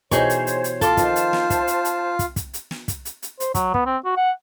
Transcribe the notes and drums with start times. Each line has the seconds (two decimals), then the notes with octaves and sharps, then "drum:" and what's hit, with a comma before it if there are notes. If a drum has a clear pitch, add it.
0.11 B2 E3 D#4 G4 G#4 C5 C#5 C#6, drum: kick, hi-hat
0.30 drum: hi-hat
0.47 drum: hi-hat
0.64 drum: hi-hat
0.81 F4 A4 C6 D6, drum: kick, hi-hat
0.97 D#3 F3 C4 C5 A5, drum: kick, hi-hat
1.16 drum: hi-hat
1.33 drum: snare
1.50 E5, drum: kick, hi-hat
1.67 drum: hi-hat
1.85 drum: hi-hat
2.19 drum: kick, hi-hat
2.36 drum: kick, hi-hat
2.54 drum: hi-hat
2.71 drum: snare
2.88 drum: kick, hi-hat
3.05 drum: hi-hat
3.22 drum: hi-hat
3.40 C5, drum: hi-hat
3.55 F#3, drum: kick, hi-hat
3.74 B3, drum: kick
3.86 C4
4.05 F#4
4.17 F#5